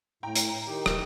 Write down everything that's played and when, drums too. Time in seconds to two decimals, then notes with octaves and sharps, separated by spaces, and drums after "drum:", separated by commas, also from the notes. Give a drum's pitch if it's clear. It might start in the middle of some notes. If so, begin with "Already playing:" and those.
0.23 A2 G5 A#5
0.36 drum: hi-hat
0.67 D#3 D#4 G4
0.86 D1, drum: rim click